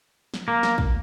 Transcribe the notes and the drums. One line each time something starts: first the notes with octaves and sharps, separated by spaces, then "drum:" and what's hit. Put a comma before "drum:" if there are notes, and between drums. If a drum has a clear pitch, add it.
drum: snare
A#3
drum: snare
drum: kick